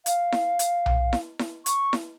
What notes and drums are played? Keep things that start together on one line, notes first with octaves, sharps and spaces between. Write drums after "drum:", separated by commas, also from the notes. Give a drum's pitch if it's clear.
F5, drum: hi-hat
drum: snare E4
drum: hi-hat
drum: tom B1
drum: snare E4
drum: snare E4
C#6, drum: hi-hat
drum: snare E4